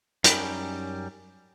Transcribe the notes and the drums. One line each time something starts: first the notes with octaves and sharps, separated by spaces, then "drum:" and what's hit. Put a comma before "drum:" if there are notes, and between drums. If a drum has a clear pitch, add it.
F#2 G3 C#4 D#4 G5 B5, drum: hi-hat